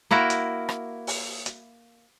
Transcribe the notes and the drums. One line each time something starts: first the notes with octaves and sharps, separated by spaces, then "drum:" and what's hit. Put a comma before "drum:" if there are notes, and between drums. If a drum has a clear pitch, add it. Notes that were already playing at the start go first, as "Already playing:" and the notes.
A#3 E4 F#4 A#4
drum: hi-hat
drum: rim click
drum: open hi-hat
drum: hi-hat